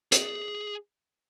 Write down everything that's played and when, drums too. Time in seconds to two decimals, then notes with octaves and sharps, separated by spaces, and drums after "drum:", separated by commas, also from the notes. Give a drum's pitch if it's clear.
0.12 G#4, drum: hi-hat